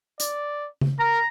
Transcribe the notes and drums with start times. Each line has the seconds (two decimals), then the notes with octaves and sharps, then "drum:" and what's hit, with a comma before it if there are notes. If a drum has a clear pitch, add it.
0.20 D5, drum: hi-hat
0.81 drum: tom C#3
0.99 A#4 A#5